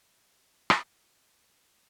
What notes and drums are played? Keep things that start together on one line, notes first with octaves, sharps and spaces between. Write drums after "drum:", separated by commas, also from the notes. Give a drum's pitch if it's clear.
F#4 F5
drum: rim click